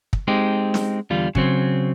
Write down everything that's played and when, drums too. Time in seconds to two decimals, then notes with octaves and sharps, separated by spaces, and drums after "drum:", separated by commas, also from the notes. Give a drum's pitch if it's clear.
0.13 drum: kick
0.28 G#3 C4 D#4 G4
0.74 drum: snare
1.10 E2 D3 G3 F4
1.35 C#3 F#3 C4, drum: kick